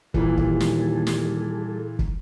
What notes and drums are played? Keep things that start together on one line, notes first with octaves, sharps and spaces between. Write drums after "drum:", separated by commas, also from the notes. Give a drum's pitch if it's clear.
D#2 A#2 E3 G3 G#4 A4, drum: kick
drum: kick
drum: snare
drum: snare
drum: kick